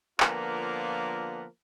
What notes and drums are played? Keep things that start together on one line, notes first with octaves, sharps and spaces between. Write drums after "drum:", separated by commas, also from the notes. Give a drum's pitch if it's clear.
D3 F3 A#3 B3 F4 A#4, drum: clap